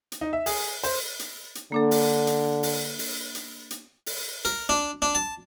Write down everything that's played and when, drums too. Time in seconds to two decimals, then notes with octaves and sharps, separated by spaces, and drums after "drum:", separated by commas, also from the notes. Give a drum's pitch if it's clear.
0.12 drum: hi-hat
0.21 D#4
0.33 E5
0.46 G#4, drum: open hi-hat
0.84 C5, drum: open hi-hat
1.19 drum: hi-hat
1.55 drum: hi-hat
1.72 D3 A#3 D4 A4
1.91 drum: open hi-hat
2.27 drum: hi-hat
2.63 drum: open hi-hat
2.99 drum: open hi-hat
3.35 drum: hi-hat
3.71 drum: hi-hat
4.06 drum: open hi-hat
4.45 A#4, drum: hi-hat
4.69 D4
5.02 D4
5.15 A5